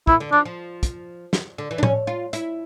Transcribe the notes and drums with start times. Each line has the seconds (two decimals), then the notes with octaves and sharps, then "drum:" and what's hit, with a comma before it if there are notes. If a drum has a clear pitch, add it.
0.07 A#2 E4, drum: kick
0.20 D3
0.32 F3 D4
0.45 F3
0.83 drum: kick, hi-hat
1.33 drum: snare
1.58 D3
1.71 E3
1.78 D4
1.83 C#4, drum: tom A2
2.07 F4
2.33 E4, drum: hi-hat